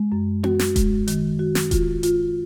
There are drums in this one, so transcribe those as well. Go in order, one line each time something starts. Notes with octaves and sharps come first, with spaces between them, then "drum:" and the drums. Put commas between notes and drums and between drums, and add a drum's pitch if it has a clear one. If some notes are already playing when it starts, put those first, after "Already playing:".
Already playing: G#3
F#2
F#4, drum: tom B3
drum: snare
G#3, drum: kick D#1, hi-hat
D#3, drum: hi-hat
F#4
drum: snare
F4, drum: kick D#1, hi-hat
F4, drum: hi-hat